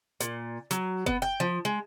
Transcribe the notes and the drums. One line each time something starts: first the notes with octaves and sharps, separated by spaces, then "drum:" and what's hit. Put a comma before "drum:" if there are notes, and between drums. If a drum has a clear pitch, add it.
A#2, drum: hi-hat
F#3, drum: hi-hat
B3, drum: kick F#1
G5
F3
G#3